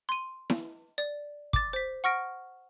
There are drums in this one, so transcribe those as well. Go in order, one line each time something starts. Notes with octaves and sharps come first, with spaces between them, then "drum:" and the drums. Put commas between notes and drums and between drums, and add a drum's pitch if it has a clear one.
C6 D#7
drum: snare E4
D5
D6 A6, drum: kick
C5 B6
F#5 C#6 F6 A#6 D7